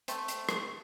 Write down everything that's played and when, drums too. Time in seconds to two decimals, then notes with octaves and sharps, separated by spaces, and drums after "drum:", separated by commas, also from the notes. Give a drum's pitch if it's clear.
0.08 A3 C4, drum: hi-hat
0.28 drum: hi-hat
0.49 drum: rim click